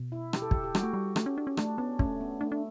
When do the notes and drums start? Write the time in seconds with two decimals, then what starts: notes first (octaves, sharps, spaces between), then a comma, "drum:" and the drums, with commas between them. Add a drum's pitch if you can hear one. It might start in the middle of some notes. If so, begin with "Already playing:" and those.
Already playing: B2
0.12 E4
0.33 G4, drum: rim click
0.42 A4
0.51 G4, drum: kick
0.64 G4
0.75 G3 F#4, drum: rim click
0.83 A3
0.94 G3
1.16 A3, drum: rim click
1.26 C#4
1.38 D4
1.47 C#4
1.57 A3 D4, drum: rim click
1.78 B3 C#4
1.99 A3 C#4, drum: kick
2.21 B3
2.41 A3 D4
2.52 D4